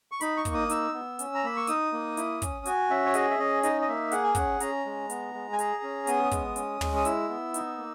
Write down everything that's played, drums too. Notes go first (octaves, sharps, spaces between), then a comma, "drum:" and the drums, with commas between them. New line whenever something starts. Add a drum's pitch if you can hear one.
C#6
D#4 B5, drum: hi-hat
C#6
A#3, drum: kick, hi-hat
D#6
D#4 E6, drum: hi-hat
B3
C#4, drum: hi-hat
A#5
A#3 B5
C#6
D#4 D#6, drum: hi-hat
A#3
E4, drum: hi-hat
C#4, drum: kick, hi-hat
F#4 G#5, drum: hi-hat
C#4 E5
C#5
G#4 D#5, drum: hi-hat
E5
C#4 D#5
D#4 D#5, drum: hi-hat
D#5
A#3 E5
G#4 F#5, drum: hi-hat
G#5
C#4 F#5, drum: kick, hi-hat
C#4 A#5, drum: hi-hat
G#3
B3, drum: hi-hat
G#3
G#5
G#4 A#5, drum: hi-hat
C#4
B3 D#6, drum: hi-hat
G#3, drum: kick, hi-hat
C#4, drum: hi-hat
G#3, drum: tom
D#6
E4 E6, drum: hi-hat
B3
D#4, drum: hi-hat
A#3